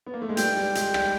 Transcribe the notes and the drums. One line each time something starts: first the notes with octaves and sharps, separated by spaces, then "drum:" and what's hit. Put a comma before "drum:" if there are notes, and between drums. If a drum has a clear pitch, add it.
B3
A#3
A3
G#3
G3 G5, drum: hi-hat
G3
G#3, drum: hi-hat
G3, drum: rim click